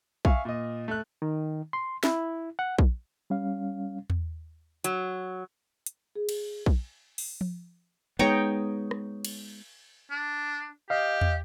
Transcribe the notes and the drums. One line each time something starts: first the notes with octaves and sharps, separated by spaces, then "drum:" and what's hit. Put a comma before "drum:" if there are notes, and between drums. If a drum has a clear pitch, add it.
E5 F5 G#5 C#6, drum: kick A#1
A#2 D#5
A3 F#6
D#3
C6
E4, drum: snare
F#5
drum: kick A#1
G3 C#4 F5
drum: tom E2
F#3, drum: hi-hat
drum: hi-hat
G#4
drum: cymbal
drum: kick A#1
drum: open hi-hat
drum: tom F3
G#3 B3 D#4 C#5 G5
drum: rim click
drum: cymbal
D4
G4 D#5 F5
drum: tom E2